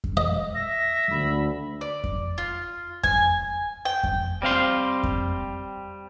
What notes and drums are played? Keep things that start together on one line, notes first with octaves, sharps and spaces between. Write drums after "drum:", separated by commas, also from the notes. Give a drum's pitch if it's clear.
drum: kick F2
D#5
E5 A#6
D2 B5
D5
drum: kick F2
F4
G#5, drum: kick F2
G5
drum: kick F2
G3 C4 F5 C6
drum: kick F2